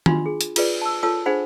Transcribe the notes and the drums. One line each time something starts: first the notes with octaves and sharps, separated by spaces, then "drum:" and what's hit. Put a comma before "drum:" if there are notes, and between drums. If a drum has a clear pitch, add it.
D4 F4 B5 C6, drum: tom D#3
G#4
drum: hi-hat
F4 G#4 B4 D5, drum: cymbal
A5 E6
F4 A4 C#5 A5 D#6 E6
D4 G#4 C5 F#5 B5